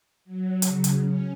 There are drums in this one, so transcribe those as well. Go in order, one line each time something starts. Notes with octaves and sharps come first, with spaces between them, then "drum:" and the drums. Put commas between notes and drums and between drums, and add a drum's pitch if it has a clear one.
F#3
C#3, drum: hi-hat
drum: hi-hat
C#4